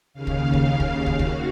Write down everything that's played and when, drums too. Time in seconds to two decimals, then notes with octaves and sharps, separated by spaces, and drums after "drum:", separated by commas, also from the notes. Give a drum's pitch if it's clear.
0.13 D#2 C#3 F5
0.27 drum: kick
0.53 drum: kick
0.80 drum: kick
1.06 drum: kick
1.19 D#2 F#4, drum: kick